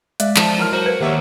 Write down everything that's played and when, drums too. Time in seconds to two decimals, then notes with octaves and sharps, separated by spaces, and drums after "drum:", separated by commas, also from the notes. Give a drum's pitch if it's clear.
0.20 G#3 D5 E5, drum: hi-hat
0.36 F3 C5 A5, drum: clap
0.58 F#3 E4 A#4 F6
0.73 F#4 A#4 C5
0.86 B4
1.01 D#2 G4 C#5 E5 F#5